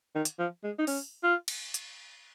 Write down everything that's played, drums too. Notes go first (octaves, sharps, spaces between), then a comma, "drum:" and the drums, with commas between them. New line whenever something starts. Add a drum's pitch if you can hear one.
D#3
drum: hi-hat
F3
G#3
D#4
C#4, drum: open hi-hat
F4
drum: cymbal
drum: hi-hat